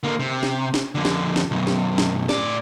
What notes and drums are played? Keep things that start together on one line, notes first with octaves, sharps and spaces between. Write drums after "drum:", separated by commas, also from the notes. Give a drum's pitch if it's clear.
D3 A#3
C3
drum: snare
drum: snare
F2 D3
drum: snare
drum: snare
B1 F#2
drum: snare
drum: snare
A2 D5, drum: snare